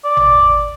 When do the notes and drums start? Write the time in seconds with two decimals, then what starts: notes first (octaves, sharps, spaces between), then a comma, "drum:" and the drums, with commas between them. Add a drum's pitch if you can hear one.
0.05 D5
0.17 drum: tom G#1